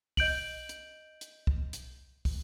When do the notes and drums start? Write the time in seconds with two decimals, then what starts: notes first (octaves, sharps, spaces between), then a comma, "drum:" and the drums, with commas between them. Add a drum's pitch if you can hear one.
0.17 D#5 G6 D7 F#7, drum: kick, open hi-hat
0.69 drum: hi-hat
1.21 drum: hi-hat
1.47 drum: kick
1.73 drum: hi-hat
2.25 drum: kick, open hi-hat